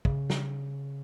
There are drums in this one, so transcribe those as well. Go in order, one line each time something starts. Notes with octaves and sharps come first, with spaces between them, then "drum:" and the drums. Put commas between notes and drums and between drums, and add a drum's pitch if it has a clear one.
C#3, drum: kick
drum: snare